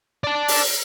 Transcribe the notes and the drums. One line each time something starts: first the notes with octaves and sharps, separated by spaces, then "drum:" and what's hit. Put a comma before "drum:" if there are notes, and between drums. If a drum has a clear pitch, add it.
D5 A5
drum: open hi-hat